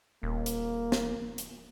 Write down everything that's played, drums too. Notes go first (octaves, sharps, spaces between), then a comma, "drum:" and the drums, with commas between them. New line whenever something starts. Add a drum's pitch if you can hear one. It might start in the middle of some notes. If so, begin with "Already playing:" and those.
D#1 A#3
drum: hi-hat
drum: snare
drum: hi-hat